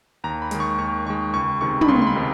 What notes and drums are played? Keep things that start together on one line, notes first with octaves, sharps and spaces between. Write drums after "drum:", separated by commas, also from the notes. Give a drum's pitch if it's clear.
D#2 A#5
B5
D#3 G#3, drum: hi-hat
C#6
D#2 C#6
D#3 G#3 C#6
C#2 C#6
C3 D#3 G#3 C#6
B5, drum: tom
C#2 C6
C6
B5
C3 D#3 G#3